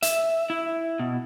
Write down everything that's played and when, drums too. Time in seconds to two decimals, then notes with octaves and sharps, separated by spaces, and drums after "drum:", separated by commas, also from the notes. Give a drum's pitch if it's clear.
0.03 E5, drum: hi-hat
0.50 E4
1.00 B2